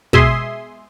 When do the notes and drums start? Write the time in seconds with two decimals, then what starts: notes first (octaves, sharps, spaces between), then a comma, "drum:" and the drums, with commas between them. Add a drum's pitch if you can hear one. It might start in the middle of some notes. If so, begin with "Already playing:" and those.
0.13 B2 G#3 E5 G#5 C6 D#6, drum: kick